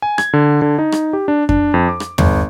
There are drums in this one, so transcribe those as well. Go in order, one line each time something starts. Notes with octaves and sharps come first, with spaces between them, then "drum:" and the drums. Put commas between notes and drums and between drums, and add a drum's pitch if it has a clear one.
G#5
G#6, drum: rim click
D3
D3
D#4
drum: rim click
G4
D4
D4, drum: kick F2
F2
D6
drum: rim click
G1, drum: tom